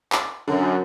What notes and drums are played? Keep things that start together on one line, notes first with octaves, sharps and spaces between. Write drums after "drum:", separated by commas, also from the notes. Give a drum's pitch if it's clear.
drum: clap
F#2 D3